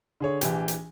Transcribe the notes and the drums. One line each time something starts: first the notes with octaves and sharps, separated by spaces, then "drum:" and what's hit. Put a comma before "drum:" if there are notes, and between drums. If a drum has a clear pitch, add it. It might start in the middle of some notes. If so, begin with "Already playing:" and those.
D3 G#4 C#5
A#1 E3 G4, drum: hi-hat
drum: hi-hat